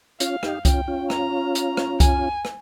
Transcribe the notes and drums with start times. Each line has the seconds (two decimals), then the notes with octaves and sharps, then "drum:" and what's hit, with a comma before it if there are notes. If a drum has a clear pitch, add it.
0.20 C#4 F4 F5, drum: hi-hat
0.43 D#4 G4, drum: rim click
0.65 C#4 F4 G5, drum: kick C2, hi-hat
0.88 C#4 F4
1.10 A#5, drum: rim click
1.55 A#5, drum: hi-hat
1.77 drum: rim click
2.00 G#5, drum: kick C2, hi-hat
2.45 drum: rim click